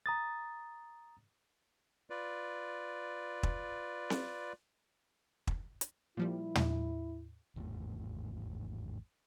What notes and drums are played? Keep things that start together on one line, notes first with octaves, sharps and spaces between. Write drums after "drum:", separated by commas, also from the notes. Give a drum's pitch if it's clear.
A#5 D#6 A6
F4 B4 D5
drum: kick
drum: snare C4
drum: kick
drum: hi-hat
A#2 F3 G3 E4
drum: tom
G#1 E2 A2 A3